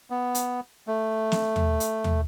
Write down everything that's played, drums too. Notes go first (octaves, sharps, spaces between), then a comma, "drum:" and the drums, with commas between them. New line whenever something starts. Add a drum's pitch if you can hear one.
B3
drum: hi-hat
A3
drum: snare
drum: tom D#2
drum: hi-hat
drum: tom D#2